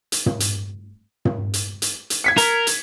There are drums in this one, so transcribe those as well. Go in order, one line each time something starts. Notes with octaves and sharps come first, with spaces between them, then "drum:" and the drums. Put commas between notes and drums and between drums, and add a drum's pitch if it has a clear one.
drum: hi-hat
drum: tom
drum: hi-hat
drum: tom
drum: hi-hat
drum: hi-hat
drum: hi-hat
G#6 B6 C#7
A#4, drum: hi-hat
drum: hi-hat